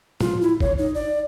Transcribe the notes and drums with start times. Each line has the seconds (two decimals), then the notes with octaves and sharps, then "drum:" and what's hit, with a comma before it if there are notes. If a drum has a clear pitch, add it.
0.21 F4, drum: tom
0.41 E4
0.60 C#5, drum: kick
0.78 D#4
0.94 D5